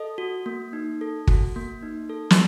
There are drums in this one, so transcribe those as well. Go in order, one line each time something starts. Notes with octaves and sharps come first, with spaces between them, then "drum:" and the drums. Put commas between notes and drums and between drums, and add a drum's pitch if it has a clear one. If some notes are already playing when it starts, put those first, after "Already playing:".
Already playing: A4 D#5
F#4
A#3
D#4
A4
F#4, drum: kick G1
A#3
D#4
A4
drum: snare